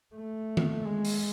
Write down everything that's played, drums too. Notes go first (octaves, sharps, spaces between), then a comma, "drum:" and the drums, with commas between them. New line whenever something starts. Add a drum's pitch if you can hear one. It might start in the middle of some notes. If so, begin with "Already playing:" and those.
A3
drum: tom D#3
G#3
drum: open hi-hat